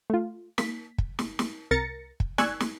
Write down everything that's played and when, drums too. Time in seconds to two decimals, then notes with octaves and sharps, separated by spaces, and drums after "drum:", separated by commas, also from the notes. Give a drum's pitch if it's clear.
0.10 A3 F4
0.58 A#3 B6, drum: snare
0.98 drum: kick
1.19 drum: snare
1.39 drum: snare
1.71 C2 A#4 A6 A#6 C#7
2.20 drum: kick
2.38 D5 G#5 C#6 E6 F#6 G#6, drum: snare
2.60 drum: snare